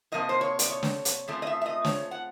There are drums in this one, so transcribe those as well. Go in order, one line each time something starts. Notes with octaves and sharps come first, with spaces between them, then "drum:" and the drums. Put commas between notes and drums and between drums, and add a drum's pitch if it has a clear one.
C3 F3 A#3 D#5
C5
C#5
D5, drum: hi-hat
C#5
drum: snare
drum: hi-hat
F2 C#3 F3 A3
D#5
E5
E5
D#5
C#5, drum: snare
F#5